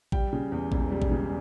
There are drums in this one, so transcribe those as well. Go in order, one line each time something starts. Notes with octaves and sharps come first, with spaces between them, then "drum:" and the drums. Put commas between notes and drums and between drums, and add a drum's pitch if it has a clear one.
G3 G5, drum: kick A1
C#3
E2
E1, drum: kick A1
G3
drum: kick A1
C#3